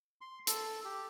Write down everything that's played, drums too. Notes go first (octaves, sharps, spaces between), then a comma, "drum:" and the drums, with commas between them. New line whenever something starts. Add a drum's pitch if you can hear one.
C6
A4, drum: hi-hat
G4